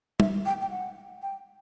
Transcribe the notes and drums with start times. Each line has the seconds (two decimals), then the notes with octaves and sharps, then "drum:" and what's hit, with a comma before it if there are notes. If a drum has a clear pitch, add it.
0.20 E5, drum: tom
0.46 G5
0.61 G5
0.71 F#5
1.22 G5